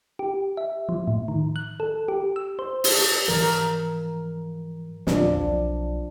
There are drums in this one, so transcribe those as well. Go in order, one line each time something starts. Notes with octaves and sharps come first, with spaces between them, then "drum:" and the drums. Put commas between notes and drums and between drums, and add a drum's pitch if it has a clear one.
G4
E5
F3
A2
D#3
F#6
A4
G4
E6
C5
drum: open hi-hat
G#2 E3 F3 A#4
E2 A#2 D3 F3 D4, drum: snare
B1